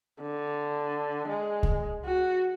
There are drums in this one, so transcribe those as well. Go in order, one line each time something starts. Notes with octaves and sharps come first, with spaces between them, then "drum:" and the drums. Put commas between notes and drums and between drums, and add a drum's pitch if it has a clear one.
D3
G#3
drum: kick C#2
F#4